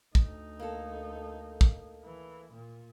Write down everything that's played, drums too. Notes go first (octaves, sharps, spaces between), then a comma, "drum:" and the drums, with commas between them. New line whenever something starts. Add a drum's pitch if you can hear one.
D2 D#4, drum: kick
A#3 A4
drum: kick
E3
A#2